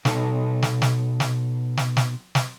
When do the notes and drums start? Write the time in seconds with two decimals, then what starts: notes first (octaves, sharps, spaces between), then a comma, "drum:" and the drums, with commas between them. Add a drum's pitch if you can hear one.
0.05 B2 D#4 A4, drum: snare
0.62 drum: snare
0.82 drum: snare
1.20 drum: snare
1.77 drum: snare
1.97 drum: snare
2.35 drum: snare